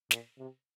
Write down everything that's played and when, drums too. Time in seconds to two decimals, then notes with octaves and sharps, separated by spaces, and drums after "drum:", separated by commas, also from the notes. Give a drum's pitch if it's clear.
0.11 A#2, drum: snare
0.38 C3